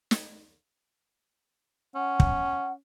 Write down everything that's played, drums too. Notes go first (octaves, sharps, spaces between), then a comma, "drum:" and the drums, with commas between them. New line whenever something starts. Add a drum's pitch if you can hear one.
drum: snare
C#4 F#5
drum: kick